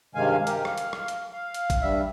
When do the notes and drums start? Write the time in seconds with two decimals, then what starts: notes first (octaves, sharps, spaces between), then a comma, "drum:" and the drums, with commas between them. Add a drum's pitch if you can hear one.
0.15 G2 C3 D#3 G#3 F5 G#5
0.47 G4 A#4, drum: hi-hat
0.65 F5, drum: rim click
0.78 drum: hi-hat
0.93 drum: rim click
1.08 drum: hi-hat
1.32 F5
1.54 drum: hi-hat
1.70 drum: kick A1, hi-hat
1.82 G2 G3 E5